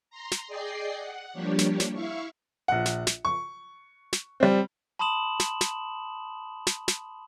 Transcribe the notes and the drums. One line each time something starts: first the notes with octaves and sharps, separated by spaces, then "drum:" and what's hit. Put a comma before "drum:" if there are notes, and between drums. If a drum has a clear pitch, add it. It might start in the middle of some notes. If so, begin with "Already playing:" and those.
A#5 C6
drum: snare
G#4 D5 D#5 G5 C7
F#5
F3 G3 A#3 D4 G4 C#5
drum: snare
drum: snare
E4 E5 F5 C#6
A#1 F#5
drum: snare
drum: snare
C#6
drum: snare
G3 C4
A5 B5 C6 D#6 E7 F#7
drum: snare
drum: snare
drum: snare
drum: snare